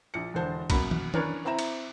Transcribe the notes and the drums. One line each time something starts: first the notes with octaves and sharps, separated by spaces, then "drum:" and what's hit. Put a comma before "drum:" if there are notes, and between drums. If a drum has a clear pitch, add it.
A#1 C#7
E1 D3 C5 A5
F#2 B2 A#3 B5, drum: kick, cymbal
drum: tom
C#4 D4 A#4 B4 C#5, drum: tom
C4 E4 E5 A#5 E7
drum: cymbal